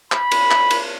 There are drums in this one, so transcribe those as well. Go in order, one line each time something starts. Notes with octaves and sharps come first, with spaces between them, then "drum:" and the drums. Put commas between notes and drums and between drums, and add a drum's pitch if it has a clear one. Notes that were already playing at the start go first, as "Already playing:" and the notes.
B5, drum: clap
drum: cymbal
drum: clap
drum: cymbal